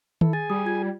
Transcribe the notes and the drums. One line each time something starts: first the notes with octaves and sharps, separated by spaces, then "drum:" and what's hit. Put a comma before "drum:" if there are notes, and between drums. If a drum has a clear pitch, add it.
E4 A4, drum: tom D#3
G#4 G#5 A6
G3 D#6
F4 G#6